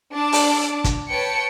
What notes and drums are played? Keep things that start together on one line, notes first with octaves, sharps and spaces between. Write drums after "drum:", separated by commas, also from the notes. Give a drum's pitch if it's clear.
D4 A5 D6
drum: open hi-hat
drum: kick, hi-hat
B4 C#5 G5 A5 C#7